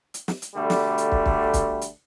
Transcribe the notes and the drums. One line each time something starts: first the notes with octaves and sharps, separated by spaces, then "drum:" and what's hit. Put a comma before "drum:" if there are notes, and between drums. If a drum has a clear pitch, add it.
drum: hi-hat
drum: snare
drum: hi-hat
B2 D3 G3 A3
drum: snare
drum: hi-hat
drum: kick
drum: kick
drum: kick, hi-hat
drum: hi-hat